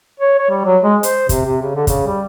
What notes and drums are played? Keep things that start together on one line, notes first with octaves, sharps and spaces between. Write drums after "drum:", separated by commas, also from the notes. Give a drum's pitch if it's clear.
C#5
C#5
G3
F#3
G#3
C5, drum: hi-hat
C3, drum: kick, hi-hat
C3
C#3
D3
C#3, drum: kick, hi-hat
G3